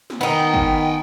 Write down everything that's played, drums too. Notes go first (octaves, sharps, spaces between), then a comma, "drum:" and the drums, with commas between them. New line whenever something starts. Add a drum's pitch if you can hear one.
drum: snare
D#3 B3 D#4 F#5 G5
drum: kick